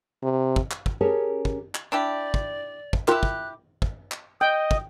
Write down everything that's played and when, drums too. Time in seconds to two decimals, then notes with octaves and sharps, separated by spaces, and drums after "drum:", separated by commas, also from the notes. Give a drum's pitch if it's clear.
0.23 C3
0.56 drum: kick
0.71 drum: clap
0.86 drum: kick
1.01 C#4 G4 G#4 A#4 C#5 A5
1.45 drum: kick
1.75 drum: clap
1.92 D4 E4 G4 D5
2.34 drum: kick
2.93 drum: kick
3.08 E4 F4 G4 A#4 F#6, drum: clap
3.23 drum: kick
3.82 drum: kick
4.12 drum: clap
4.41 D#5 G5
4.71 drum: kick